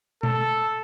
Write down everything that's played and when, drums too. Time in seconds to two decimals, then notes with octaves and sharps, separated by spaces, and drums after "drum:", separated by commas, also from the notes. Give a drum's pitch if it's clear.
0.23 A4, drum: tom